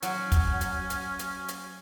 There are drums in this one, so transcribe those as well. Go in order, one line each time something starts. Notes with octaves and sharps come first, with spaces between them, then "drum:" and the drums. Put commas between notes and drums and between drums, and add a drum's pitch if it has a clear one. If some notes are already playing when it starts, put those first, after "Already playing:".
F#3 C#4, drum: hi-hat
drum: kick, hi-hat
drum: hi-hat
drum: hi-hat
drum: hi-hat
drum: hi-hat